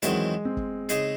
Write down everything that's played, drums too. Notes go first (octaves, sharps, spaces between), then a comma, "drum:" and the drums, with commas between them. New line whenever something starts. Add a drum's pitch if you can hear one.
E2 D#3 F#3 G#3 C4 E4, drum: hi-hat
C4
drum: kick
C#3 G#3 D#4 G#4, drum: hi-hat